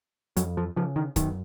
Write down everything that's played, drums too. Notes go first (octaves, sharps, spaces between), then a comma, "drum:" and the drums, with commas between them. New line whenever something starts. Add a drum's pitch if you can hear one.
F2 F#3, drum: hi-hat
F3
C#3 F3
D#3
F#2 D#3, drum: kick, hi-hat